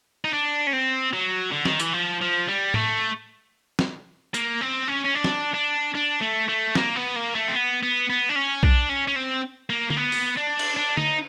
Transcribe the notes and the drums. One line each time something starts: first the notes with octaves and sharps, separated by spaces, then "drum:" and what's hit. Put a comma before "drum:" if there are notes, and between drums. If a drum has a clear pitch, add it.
D#4
D4
C#4
C4
F#3
D3
D#3, drum: snare
E3, drum: hi-hat
F3
F3
G3
A3, drum: tom A2
drum: snare
A#3, drum: hi-hat
C4
C#4
C#4
D4
drum: snare
D4
D4
A3
A3
A#3, drum: snare
B3
A#3
A3
C4
B3
B3
B3
D4
C#4
D4, drum: kick B1
C#4
C#4
C4
A#3
A#3, drum: tom D3
B3
drum: open hi-hat
D4
drum: cymbal
D4
D#4, drum: tom D3